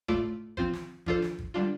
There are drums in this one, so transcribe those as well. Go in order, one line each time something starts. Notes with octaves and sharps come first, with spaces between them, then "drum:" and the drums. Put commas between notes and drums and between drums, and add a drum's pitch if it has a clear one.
A2 A3 F4 D5, drum: kick
F3 C4 F4 C5, drum: kick
drum: snare
F3 D4 F4 A4 C5, drum: kick
drum: snare
drum: kick
D3 G3 D4 F4